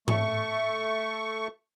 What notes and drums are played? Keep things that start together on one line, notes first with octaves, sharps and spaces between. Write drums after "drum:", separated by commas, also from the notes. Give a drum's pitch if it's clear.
A3 C#6, drum: tom G#2